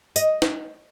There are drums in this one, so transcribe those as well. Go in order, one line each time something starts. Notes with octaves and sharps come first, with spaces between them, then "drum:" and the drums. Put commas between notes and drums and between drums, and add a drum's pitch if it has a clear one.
D#5, drum: tambourine
drum: snare